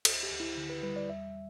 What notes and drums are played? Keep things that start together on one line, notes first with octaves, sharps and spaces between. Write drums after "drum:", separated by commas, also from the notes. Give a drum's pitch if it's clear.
D2 A4, drum: cymbal
G4
D2
E4
D3
B4
G3 B4
D5
E2 E5